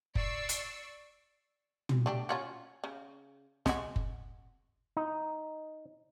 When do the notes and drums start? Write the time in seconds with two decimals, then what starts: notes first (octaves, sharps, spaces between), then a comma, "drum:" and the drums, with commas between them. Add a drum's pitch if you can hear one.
0.15 D5 C#6 E6 C7, drum: kick F#1
0.49 drum: hi-hat
1.89 drum: tom
2.06 A3 D4 G4
2.29 C#4 F4 F#4
2.84 C#3
3.66 G#3 F#4, drum: snare
3.96 drum: kick F#1
4.97 D#4